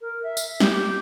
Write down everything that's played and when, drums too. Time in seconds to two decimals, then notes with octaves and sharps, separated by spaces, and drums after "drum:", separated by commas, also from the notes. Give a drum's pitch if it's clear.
0.01 A#4
0.23 E5
0.37 drum: tambourine
0.60 G4, drum: snare